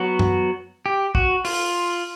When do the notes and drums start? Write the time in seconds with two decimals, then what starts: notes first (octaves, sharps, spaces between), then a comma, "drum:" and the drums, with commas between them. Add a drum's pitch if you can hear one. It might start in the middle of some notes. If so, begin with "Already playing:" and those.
Already playing: F#3 B3 F#4
0.19 drum: tom F#2
0.86 G4
1.15 F#4, drum: kick
1.45 F4, drum: open hi-hat